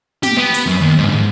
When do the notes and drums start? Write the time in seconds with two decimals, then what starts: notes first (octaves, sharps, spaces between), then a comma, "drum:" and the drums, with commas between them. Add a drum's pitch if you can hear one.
0.23 G4, drum: snare
0.37 B3
0.54 drum: hi-hat
0.66 F#2
0.81 D#2
0.98 G#2 D3
1.14 G#2